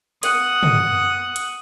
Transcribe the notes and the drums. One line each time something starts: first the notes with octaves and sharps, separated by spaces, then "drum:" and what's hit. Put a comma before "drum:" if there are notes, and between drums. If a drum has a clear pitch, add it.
F#5 D#6, drum: hi-hat
drum: tom
drum: hi-hat